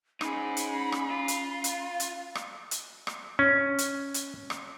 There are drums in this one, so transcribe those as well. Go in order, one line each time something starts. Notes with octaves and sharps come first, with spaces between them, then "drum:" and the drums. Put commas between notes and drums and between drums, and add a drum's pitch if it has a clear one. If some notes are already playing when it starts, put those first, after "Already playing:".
C#4 D#4 G#4 B5, drum: rim click
drum: hi-hat
drum: rim click
F4
drum: hi-hat
drum: hi-hat
drum: hi-hat
drum: rim click
drum: hi-hat
drum: rim click
C#4
drum: hi-hat
drum: hi-hat
drum: rim click